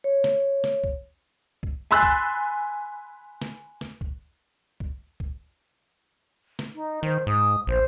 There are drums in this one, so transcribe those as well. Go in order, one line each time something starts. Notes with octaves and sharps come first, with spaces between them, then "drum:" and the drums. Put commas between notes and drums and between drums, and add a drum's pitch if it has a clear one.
C#5
drum: snare
drum: snare
drum: kick
drum: kick
G#5 B5 C6 E6 F#6 A6
drum: kick
drum: snare
drum: snare
drum: kick
drum: kick
drum: kick
drum: snare
D#4
D#3 C5
G#2 D#6
A#1 C5